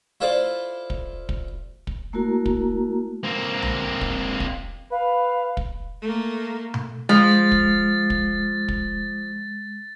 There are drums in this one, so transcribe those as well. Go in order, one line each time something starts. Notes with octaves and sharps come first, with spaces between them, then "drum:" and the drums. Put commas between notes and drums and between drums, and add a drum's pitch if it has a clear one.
E4 F4 A4 C5 D5 F5
drum: kick
drum: kick
drum: kick
A3 A#3 E4 F#4 A#4 A#5
drum: kick
A#3 C4
drum: tom B1
drum: kick
drum: kick
B4 F5
drum: kick
A3 A#3
drum: tom B2
F3 G#3 A6
drum: kick
drum: kick
drum: kick